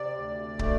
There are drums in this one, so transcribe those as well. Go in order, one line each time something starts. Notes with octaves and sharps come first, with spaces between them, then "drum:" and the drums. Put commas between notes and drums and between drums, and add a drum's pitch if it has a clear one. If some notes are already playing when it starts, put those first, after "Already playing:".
Already playing: C3 D5
D2
A3, drum: kick